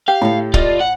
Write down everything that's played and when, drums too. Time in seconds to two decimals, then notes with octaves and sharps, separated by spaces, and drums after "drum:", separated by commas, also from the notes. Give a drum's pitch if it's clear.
0.08 G4 F5
0.22 A2 A4 C#5
0.54 F4 A4 D5 D#5, drum: kick
0.80 F#5